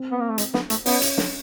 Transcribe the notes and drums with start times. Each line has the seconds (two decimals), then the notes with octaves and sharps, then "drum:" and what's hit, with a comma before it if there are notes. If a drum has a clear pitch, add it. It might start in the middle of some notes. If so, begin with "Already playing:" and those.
Already playing: C4
0.12 B3
0.20 A#3
0.30 A3
0.38 G#3, drum: hi-hat
0.54 B3, drum: snare
0.70 A3, drum: hi-hat
0.86 B3 C#4, drum: open hi-hat
1.02 drum: hi-hat
1.17 drum: snare